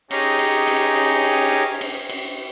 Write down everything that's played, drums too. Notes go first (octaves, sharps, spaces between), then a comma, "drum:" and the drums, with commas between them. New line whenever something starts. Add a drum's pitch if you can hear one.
C#4 D#4 G4 G#4 C#5 A#5, drum: cymbal
drum: cymbal
drum: cymbal
drum: cymbal
drum: cymbal
drum: cymbal
drum: cymbal